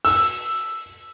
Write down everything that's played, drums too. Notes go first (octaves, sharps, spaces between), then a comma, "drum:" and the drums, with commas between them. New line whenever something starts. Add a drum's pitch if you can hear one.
E6, drum: open hi-hat